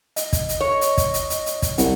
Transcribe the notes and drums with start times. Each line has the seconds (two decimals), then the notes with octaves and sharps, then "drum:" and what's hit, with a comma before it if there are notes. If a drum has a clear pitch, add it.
0.16 D#5, drum: hi-hat
0.33 drum: kick, hi-hat
0.49 drum: hi-hat
0.61 C#5
0.81 drum: hi-hat
0.97 drum: kick, hi-hat
1.14 drum: hi-hat
1.30 drum: hi-hat
1.46 drum: hi-hat
1.62 drum: kick, hi-hat
1.78 C2 F#5, drum: hi-hat